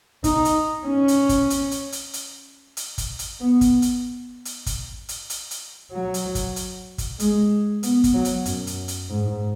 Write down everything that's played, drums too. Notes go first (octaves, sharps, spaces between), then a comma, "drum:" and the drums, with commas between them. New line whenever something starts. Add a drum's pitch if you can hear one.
D#4, drum: kick, hi-hat
drum: hi-hat
C#4
drum: hi-hat
drum: kick, hi-hat
drum: hi-hat
drum: hi-hat
drum: hi-hat
drum: hi-hat
drum: hi-hat
drum: kick, hi-hat
drum: hi-hat
B3
drum: kick, hi-hat
drum: hi-hat
drum: hi-hat
drum: kick, hi-hat
drum: hi-hat
drum: hi-hat
drum: hi-hat
F#3
drum: hi-hat
drum: kick, hi-hat
drum: hi-hat
drum: kick, hi-hat
G#3, drum: hi-hat
B3, drum: hi-hat
drum: kick, hi-hat
F#3
drum: hi-hat
F#2, drum: hi-hat
drum: hi-hat
drum: hi-hat
G#2